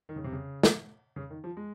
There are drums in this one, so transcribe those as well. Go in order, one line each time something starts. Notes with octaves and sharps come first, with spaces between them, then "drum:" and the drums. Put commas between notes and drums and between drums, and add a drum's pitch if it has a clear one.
D#3
C#3
C3
C#3
drum: snare
C#3
D#3
F3
G#3